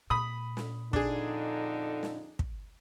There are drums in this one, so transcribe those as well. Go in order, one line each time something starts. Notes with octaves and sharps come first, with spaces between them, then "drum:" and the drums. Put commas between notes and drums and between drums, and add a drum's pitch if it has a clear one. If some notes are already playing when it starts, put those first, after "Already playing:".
A#2 B5 D#6
drum: snare
F2 D3 D4 D#4 G#4, drum: kick
drum: snare
drum: kick